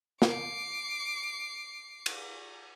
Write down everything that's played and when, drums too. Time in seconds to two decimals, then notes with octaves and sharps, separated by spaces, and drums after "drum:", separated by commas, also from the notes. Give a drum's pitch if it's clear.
0.22 D6 C7, drum: snare
2.06 drum: cymbal